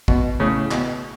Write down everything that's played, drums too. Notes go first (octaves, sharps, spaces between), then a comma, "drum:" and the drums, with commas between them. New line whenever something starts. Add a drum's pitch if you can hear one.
B2, drum: kick
A2 C#3
B2, drum: clap